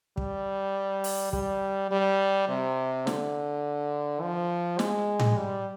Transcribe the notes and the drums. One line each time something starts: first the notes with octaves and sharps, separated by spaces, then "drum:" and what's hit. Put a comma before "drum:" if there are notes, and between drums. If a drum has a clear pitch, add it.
G3, drum: kick
drum: open hi-hat
G3, drum: kick
G3
C3
D3, drum: snare
F3
G#3, drum: snare
drum: tom A2
G3